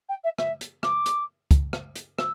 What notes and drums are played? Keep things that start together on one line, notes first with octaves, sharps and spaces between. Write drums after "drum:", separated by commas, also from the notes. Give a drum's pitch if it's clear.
G5
E5
E5, drum: rim click
drum: hi-hat
D6, drum: rim click
drum: hi-hat
drum: kick, hi-hat
drum: rim click
drum: hi-hat
E6, drum: rim click